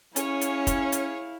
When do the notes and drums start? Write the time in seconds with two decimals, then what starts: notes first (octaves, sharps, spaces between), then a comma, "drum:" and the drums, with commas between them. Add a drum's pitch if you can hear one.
0.16 C#4 E4 G#4 C#5 F5, drum: hi-hat
0.41 drum: hi-hat
0.67 drum: kick, hi-hat
0.92 drum: hi-hat